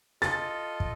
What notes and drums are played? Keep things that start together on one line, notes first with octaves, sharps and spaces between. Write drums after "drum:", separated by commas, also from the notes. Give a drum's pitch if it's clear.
F4 A4 D#5 A6, drum: rim click
drum: kick